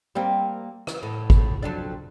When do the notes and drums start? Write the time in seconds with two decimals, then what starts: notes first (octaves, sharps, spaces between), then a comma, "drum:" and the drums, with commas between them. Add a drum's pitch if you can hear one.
0.15 G3 A#3 C4
0.87 drum: rim click
1.03 A2
1.30 drum: kick
1.62 F2 F#3 D4